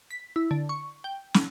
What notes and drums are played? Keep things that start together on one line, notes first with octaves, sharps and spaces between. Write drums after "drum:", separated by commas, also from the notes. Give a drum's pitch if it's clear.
B6
E4
D3
C#6
G5
drum: snare